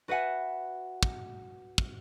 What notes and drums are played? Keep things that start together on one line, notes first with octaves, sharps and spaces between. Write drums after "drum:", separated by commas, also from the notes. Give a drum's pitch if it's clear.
F#4 B4 E5 F#5 G#5
drum: kick
drum: kick